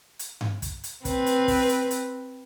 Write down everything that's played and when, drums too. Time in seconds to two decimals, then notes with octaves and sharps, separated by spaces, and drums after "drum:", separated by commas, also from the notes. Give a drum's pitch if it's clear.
0.19 drum: hi-hat
0.41 drum: tom G2
0.62 drum: kick, hi-hat
0.84 drum: hi-hat
1.05 C4 B4, drum: kick, hi-hat
1.26 drum: hi-hat
1.48 drum: kick, open hi-hat
1.69 drum: hi-hat
1.91 drum: hi-hat